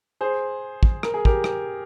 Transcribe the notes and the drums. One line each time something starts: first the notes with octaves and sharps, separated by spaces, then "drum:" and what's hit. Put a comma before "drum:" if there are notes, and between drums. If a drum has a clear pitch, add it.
G#4 C5
drum: kick
A#4, drum: rim click
G#4
G4 A#4, drum: kick
drum: rim click